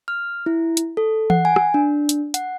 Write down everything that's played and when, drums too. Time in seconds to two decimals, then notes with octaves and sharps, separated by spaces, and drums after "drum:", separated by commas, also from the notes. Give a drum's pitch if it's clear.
0.08 F6
0.46 E4
0.77 drum: hi-hat
0.97 A4
1.30 F#5, drum: tom E3
1.45 G#5
1.56 drum: rim click
1.74 D4
2.09 drum: hi-hat
2.34 F#5, drum: hi-hat